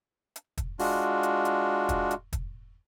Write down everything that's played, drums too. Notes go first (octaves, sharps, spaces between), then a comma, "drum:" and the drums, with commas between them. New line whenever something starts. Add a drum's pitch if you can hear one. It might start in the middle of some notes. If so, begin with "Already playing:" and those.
drum: hi-hat
drum: kick, hi-hat
G#3 D4 F4 F#4, drum: open hi-hat
drum: hi-hat
drum: hi-hat
drum: kick, hi-hat
drum: hi-hat
drum: kick, hi-hat